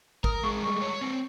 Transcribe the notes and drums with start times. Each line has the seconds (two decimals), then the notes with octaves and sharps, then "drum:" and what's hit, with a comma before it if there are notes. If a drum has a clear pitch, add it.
0.24 A#4 D#6, drum: kick
0.43 G#3 C#6
0.63 G3 C#6
0.81 C#5
1.01 C4